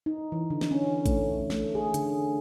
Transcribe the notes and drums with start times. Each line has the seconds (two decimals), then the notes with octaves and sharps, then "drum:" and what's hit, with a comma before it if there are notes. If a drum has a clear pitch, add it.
0.06 D#4
0.32 E3
0.50 D3
0.61 drum: snare
0.71 C#4
1.06 A3, drum: kick A1, hi-hat
1.50 A3, drum: snare
1.75 G#4
1.94 D3, drum: hi-hat